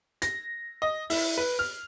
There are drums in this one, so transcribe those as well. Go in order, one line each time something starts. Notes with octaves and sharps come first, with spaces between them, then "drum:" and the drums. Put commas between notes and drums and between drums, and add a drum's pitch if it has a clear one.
A#6, drum: hi-hat
D#5
E4, drum: open hi-hat
B4
F6